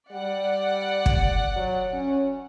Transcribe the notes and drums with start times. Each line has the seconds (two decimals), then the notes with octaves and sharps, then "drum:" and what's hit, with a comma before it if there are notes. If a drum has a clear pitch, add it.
0.11 G3 D5 F#5
1.06 drum: kick
1.56 F#3
1.93 C#4